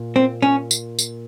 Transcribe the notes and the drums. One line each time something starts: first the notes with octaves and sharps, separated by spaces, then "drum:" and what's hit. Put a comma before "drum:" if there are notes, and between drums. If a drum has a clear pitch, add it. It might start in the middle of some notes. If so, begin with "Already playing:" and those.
Already playing: A#2
C4
C#4
drum: tambourine
drum: tambourine